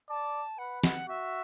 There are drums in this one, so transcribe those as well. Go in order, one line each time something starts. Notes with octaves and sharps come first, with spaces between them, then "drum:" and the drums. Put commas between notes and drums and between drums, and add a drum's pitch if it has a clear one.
D5 A5
B4 F#5
F#5, drum: snare
F#4 E5